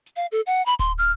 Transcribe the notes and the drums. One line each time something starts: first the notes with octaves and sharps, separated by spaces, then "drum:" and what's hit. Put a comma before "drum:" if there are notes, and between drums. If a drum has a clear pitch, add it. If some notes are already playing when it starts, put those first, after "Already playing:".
drum: hi-hat
F5
A4
F#5
B5
C6, drum: kick D1, hi-hat
F6